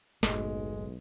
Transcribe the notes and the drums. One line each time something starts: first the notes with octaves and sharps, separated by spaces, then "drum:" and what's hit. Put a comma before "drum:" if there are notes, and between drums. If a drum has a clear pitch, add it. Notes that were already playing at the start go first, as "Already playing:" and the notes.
F#1 B1 A2 G#3, drum: snare